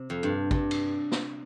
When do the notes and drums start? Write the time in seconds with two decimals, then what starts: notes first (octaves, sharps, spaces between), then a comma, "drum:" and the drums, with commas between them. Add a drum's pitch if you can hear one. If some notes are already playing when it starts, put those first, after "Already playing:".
Already playing: C3
0.10 F2
0.23 G2
0.51 G2, drum: kick
0.71 drum: cymbal
1.12 drum: snare